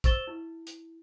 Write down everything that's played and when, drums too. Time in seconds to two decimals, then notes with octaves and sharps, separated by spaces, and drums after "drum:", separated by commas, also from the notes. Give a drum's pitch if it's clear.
0.04 C5 C#6 E6 A6 E7 G7, drum: kick, hi-hat
0.27 E4
0.67 drum: hi-hat